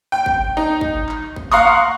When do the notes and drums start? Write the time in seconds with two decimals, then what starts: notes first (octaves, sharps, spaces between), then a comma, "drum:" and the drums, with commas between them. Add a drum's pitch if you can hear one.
0.12 G5
0.26 drum: kick G#1
0.57 D#4
0.81 drum: kick G#1
1.09 drum: clap
1.36 drum: kick G#1
1.52 F5 F#5 A#5 C6 C#6 D#6